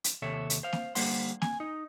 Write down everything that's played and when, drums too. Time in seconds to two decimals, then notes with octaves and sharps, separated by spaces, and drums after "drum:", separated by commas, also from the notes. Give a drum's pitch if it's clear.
0.04 drum: hi-hat
0.22 D#2 C3 A4 C#5 E5
0.50 drum: hi-hat
0.63 C5 F5
0.73 drum: snare A#3
0.95 D3 G3 A#3 C5 F#5 C6, drum: open hi-hat
1.42 G#5, drum: snare A#3
1.60 D#4